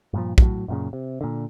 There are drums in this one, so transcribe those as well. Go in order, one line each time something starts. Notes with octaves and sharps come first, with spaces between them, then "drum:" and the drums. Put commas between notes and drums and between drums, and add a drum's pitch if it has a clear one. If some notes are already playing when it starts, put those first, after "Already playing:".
G2 A#2 F3
A2 F#3, drum: kick
F#2 A#2 C#3
C3
A#2 D3